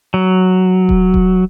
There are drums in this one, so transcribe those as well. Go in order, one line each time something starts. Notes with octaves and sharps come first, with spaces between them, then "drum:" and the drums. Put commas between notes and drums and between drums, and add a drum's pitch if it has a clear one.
F#3
drum: kick D#1
drum: kick D#1